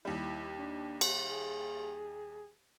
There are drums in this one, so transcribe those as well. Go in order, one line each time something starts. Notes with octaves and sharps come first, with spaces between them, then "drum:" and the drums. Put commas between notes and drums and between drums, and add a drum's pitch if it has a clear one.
D#2 G3 E4
D4
drum: cymbal
G#4